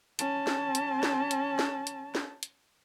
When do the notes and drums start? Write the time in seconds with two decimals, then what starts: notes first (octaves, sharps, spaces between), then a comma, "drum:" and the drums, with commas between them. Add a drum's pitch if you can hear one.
0.19 C#4 A5, drum: hi-hat
0.47 drum: snare
0.75 drum: hi-hat
1.03 drum: snare
1.31 drum: hi-hat
1.59 drum: snare
1.87 drum: hi-hat
2.15 drum: snare
2.43 drum: hi-hat